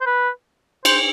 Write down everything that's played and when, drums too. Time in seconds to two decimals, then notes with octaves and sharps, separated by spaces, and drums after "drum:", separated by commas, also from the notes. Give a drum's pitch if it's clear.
0.01 C5
0.06 B4
0.85 C5, drum: cymbal